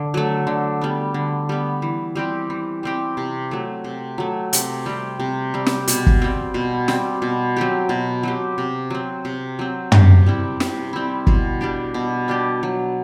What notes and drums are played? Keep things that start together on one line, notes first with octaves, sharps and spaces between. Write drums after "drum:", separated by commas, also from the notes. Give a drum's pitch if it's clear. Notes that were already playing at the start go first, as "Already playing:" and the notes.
Already playing: D3
F#3 A3
D3
G3 B3
D3
G3 B3
E3
G3 C4 G4
E3
G3 C4 G4
C3
F#3 A3
C3
F#3 A3
C3, drum: hi-hat
G3 C4
C3
G3 C4
drum: snare
B2, drum: hi-hat
drum: kick
G3 C4
B2
G3 C4, drum: snare
B2
F#3 C4 G4
B2
F#3 C4 G4
C3
F#3 C4
C3
F#3 C4
C3, drum: tom
G3 C4 E4
C3, drum: snare
G3 C4 E4
B2, drum: kick
G3 D4 G4
B2
G3 D4 G4
F#3